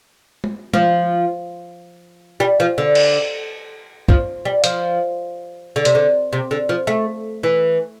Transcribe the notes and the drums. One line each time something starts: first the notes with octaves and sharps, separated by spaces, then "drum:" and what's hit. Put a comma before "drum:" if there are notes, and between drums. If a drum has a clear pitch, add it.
drum: tom G#3
F3, drum: tom G#3
G3
F3
D3
drum: cymbal
F3, drum: kick
G3
F3, drum: hi-hat
D3
C3, drum: hi-hat
D3
C3
D3
F3
A3
E3